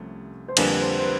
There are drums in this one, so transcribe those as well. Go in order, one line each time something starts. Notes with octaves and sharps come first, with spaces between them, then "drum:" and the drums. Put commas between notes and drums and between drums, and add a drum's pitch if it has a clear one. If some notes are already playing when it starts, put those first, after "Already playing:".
Already playing: C2 C3 F3 A3 C#4
C5
F2 D3 G3 A#3 D4 B4, drum: cymbal
C5
C5
B4